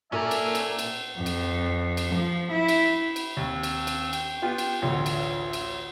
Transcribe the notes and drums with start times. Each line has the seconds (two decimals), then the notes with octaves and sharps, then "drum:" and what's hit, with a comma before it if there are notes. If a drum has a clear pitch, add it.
0.12 A#2 C#4 A4 A#4 D5 E5 G#5
0.31 drum: cymbal
0.55 drum: cymbal
0.79 drum: cymbal
1.17 F2
1.26 drum: cymbal
1.97 drum: cymbal
2.13 F3
2.51 E4
2.69 drum: cymbal
3.16 drum: cymbal
3.37 D#2 C4
3.63 drum: cymbal
3.87 drum: cymbal
4.13 G5, drum: cymbal
4.42 B3 F4 G4
4.58 drum: cymbal
4.82 A1 D2 D3 F4
5.06 drum: cymbal
5.53 drum: cymbal